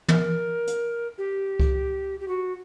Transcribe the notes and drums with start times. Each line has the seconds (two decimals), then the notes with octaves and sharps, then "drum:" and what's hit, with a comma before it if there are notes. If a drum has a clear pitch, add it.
0.08 A#4, drum: tom
0.67 drum: hi-hat
1.18 G4
1.60 drum: kick C#2
2.20 G4
2.28 F#4